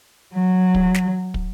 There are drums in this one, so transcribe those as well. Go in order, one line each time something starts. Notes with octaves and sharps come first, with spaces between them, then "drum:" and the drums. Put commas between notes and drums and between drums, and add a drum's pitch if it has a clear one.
F#3
drum: kick
drum: snare
drum: kick